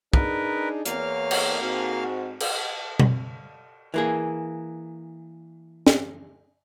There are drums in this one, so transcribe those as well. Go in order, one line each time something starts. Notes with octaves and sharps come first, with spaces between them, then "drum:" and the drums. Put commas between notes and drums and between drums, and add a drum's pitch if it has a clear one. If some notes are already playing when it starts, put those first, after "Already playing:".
D4 D#4 G#4 A#4 B4, drum: kick
E2 A#3 C#5 F5 F6, drum: hi-hat
drum: cymbal
G#2 C4 F#4
drum: cymbal
drum: tom B2
E3 A#3 G#4
drum: snare